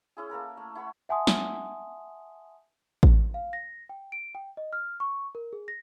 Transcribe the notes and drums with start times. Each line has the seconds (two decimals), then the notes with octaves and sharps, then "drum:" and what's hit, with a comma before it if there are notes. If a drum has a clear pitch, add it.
0.17 C#4 E4 G#4
0.30 A#3 A4 A#4 A5
0.57 A3
0.75 E4 F#5 B5 C#6
1.09 E5 F#5 G#5 A5 C6 D#6
1.27 drum: snare
3.03 drum: kick A1
3.34 F5
3.53 A#6
3.89 G5
4.12 D7
4.35 G5
4.57 D#5
4.73 F6
5.00 C#6
5.35 A#4
5.53 G#4
5.68 A#6